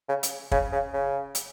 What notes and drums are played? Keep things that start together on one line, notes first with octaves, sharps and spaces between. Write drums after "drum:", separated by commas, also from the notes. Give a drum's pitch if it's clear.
C#3
drum: hi-hat
C#3, drum: kick
C#3
C#3
drum: hi-hat